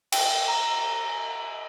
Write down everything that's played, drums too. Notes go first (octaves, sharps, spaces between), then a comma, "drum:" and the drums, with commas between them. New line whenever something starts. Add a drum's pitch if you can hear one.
G5, drum: cymbal
A#5